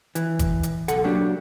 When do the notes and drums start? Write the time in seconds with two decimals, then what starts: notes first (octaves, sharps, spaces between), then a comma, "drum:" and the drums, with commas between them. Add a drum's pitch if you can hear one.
0.15 E3, drum: hi-hat
0.39 drum: kick, hi-hat
0.63 drum: hi-hat
0.88 B1 A4 F#5, drum: hi-hat
1.04 F#3 A#3 D4 G4